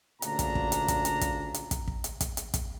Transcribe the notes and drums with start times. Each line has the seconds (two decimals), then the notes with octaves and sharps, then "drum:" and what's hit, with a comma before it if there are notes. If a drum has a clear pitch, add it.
0.22 D2 A#2 C#3 D4 A#5, drum: hi-hat
0.39 drum: kick, hi-hat
0.55 drum: kick
0.72 drum: hi-hat
0.88 drum: kick, hi-hat
1.05 drum: hi-hat
1.21 drum: kick, hi-hat
1.54 drum: hi-hat
1.71 drum: kick, hi-hat
1.87 drum: kick
2.04 drum: hi-hat
2.21 drum: kick, hi-hat
2.37 drum: hi-hat
2.54 drum: kick, hi-hat